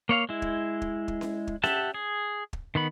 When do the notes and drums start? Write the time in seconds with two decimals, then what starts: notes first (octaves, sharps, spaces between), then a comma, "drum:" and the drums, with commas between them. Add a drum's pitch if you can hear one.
0.09 A#3 C#5 F5
0.29 G#3 E4
0.42 drum: kick
0.82 drum: kick
1.08 drum: kick
1.21 drum: snare C#4
1.47 drum: kick
1.64 G4 E5 F#5 A5, drum: snare C#4
1.94 G#4
2.53 drum: kick
2.75 D#3 B3 B5